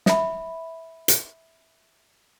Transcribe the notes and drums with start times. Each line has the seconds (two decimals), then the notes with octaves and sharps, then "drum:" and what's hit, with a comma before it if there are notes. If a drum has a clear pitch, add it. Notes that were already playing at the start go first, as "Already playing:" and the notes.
0.06 E5 B5, drum: snare
1.08 drum: hi-hat